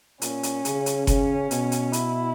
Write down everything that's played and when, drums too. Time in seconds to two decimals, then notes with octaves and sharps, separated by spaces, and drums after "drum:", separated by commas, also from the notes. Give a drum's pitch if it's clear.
0.22 A#2 C#4, drum: hi-hat
0.43 drum: hi-hat
0.65 C#3, drum: hi-hat
0.86 drum: hi-hat
1.07 C#3 C#4, drum: kick F#1, hi-hat
1.51 B2, drum: hi-hat
1.72 drum: hi-hat
1.93 E4, drum: hi-hat